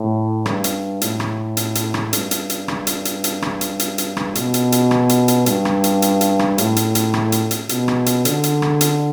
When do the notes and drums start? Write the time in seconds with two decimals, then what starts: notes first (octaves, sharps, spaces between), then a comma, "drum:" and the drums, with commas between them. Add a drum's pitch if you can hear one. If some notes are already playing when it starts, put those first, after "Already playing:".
Already playing: A2
0.46 G2, drum: rim click
0.64 drum: hi-hat
1.01 A2, drum: hi-hat
1.20 drum: rim click
1.57 drum: hi-hat
1.75 drum: hi-hat
1.94 drum: rim click
2.13 G2, drum: hi-hat
2.31 drum: hi-hat
2.50 drum: hi-hat
2.68 drum: rim click
2.87 drum: hi-hat
3.05 drum: hi-hat
3.24 drum: hi-hat
3.42 drum: rim click
3.61 drum: hi-hat
3.79 drum: hi-hat
3.98 drum: hi-hat
4.17 drum: rim click
4.35 B2, drum: hi-hat
4.54 drum: hi-hat
4.72 drum: hi-hat
4.91 drum: rim click
5.09 drum: hi-hat
5.28 drum: hi-hat
5.46 G2, drum: hi-hat
5.65 drum: rim click
5.84 drum: hi-hat
6.02 drum: hi-hat
6.21 drum: hi-hat
6.39 drum: rim click
6.58 A2, drum: hi-hat
6.76 drum: hi-hat
6.95 drum: hi-hat
7.14 drum: rim click
7.32 drum: hi-hat
7.51 drum: hi-hat
7.69 B2, drum: hi-hat
7.88 drum: rim click
8.06 drum: hi-hat
8.25 D3, drum: hi-hat
8.43 drum: hi-hat
8.62 drum: rim click
8.81 drum: hi-hat